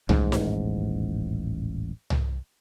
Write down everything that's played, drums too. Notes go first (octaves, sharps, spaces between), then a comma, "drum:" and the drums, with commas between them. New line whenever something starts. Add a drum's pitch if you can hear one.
D#1 A1 G#2, drum: tom C2
drum: snare D#4
drum: tom C2